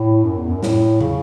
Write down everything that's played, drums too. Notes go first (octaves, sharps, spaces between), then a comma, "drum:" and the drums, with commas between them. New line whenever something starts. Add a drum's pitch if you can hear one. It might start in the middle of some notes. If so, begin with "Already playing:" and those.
Already playing: A2
F#2
E2
F#2
A2, drum: snare
C#3, drum: tom